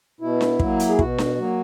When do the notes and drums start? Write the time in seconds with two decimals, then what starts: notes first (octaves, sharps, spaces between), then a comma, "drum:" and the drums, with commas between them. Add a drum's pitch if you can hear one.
0.21 B2 E4
0.41 drum: snare D4
0.60 F#3 A#3, drum: kick
0.80 drum: hi-hat
0.89 G#4
0.99 B2 F#4, drum: kick
1.18 drum: snare D4
1.38 F#3 A#3